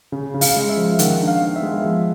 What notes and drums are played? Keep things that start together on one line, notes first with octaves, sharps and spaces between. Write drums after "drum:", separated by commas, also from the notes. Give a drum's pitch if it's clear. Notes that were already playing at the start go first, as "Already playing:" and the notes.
C#3
C#3
F5, drum: open hi-hat
G#3
E5
F3
D#3 F#5, drum: hi-hat
D4
F5
B3
E5
G#3
F3